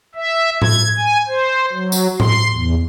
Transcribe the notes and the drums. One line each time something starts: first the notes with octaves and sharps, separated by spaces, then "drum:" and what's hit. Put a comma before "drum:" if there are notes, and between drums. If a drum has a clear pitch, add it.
E5
G#6, drum: tom A2
G#5
C5
F#3
drum: tambourine
C6, drum: tom A2
E2